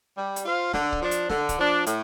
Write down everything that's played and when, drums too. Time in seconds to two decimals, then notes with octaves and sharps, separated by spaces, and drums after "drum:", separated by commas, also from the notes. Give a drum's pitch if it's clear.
0.17 G3
0.36 drum: hi-hat
0.46 F4 C5 F5
0.73 D3, drum: snare
0.92 drum: kick
1.02 F3 D4
1.11 drum: hi-hat
1.29 D3, drum: snare
1.49 drum: kick, hi-hat
1.59 F3 D4
1.86 A2, drum: hi-hat